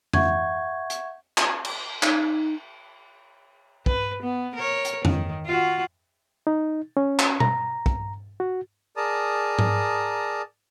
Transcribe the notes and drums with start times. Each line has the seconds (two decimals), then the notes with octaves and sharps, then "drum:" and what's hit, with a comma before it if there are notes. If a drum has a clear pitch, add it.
0.13 E5 F#5 C#6 G6 G#6, drum: tom F2
0.90 drum: hi-hat
1.38 drum: clap
1.65 drum: cymbal
2.03 D#4, drum: clap
3.86 B4, drum: kick
4.22 B3
4.55 A#4 C#5
4.85 drum: hi-hat
5.05 D#3, drum: tom F2
5.46 F4 F#4
6.47 D#4
6.97 C#4
7.19 drum: clap
7.40 A#5, drum: tom B2
7.86 drum: kick
8.40 F#4
8.97 G#4 A#4 D5 A5 A#5 D#6
9.59 drum: tom G#2